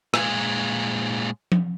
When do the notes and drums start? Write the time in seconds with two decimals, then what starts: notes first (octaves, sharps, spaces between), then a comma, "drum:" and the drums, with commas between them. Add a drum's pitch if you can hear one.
0.14 A#2 G#3, drum: rim click
1.52 drum: tom F3